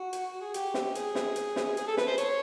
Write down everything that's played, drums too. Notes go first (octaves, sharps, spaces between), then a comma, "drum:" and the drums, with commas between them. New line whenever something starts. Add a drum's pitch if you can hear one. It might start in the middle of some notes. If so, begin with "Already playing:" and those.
Already playing: F#4
drum: hi-hat
G#4
G4, drum: hi-hat
drum: snare
G#4, drum: hi-hat
drum: snare
drum: hi-hat
drum: snare
G#4, drum: hi-hat
A4
B4, drum: snare
C5
C#5, drum: hi-hat